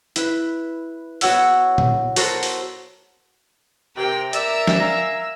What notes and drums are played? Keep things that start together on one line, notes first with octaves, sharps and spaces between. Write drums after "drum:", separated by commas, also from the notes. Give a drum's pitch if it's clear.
E4 B4, drum: hi-hat
B3 F#4 C#5 F#5 E6, drum: open hi-hat
drum: tom A#2
F#4 A4 A#4 C5, drum: open hi-hat
drum: open hi-hat
C3 A#4 G5
A#4 D5 E5 E6, drum: hi-hat
drum: snare
F5 G#5 A#5